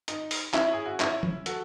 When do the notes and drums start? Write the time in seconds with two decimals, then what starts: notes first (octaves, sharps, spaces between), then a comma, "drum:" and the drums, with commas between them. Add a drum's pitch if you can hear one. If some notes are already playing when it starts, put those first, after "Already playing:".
0.08 D#4, drum: hi-hat
0.31 drum: open hi-hat
0.54 C#4 E4, drum: clap
0.73 G#4
0.86 F#4
1.00 C#4 E4, drum: clap
1.23 drum: tom
1.46 F#4 A4, drum: hi-hat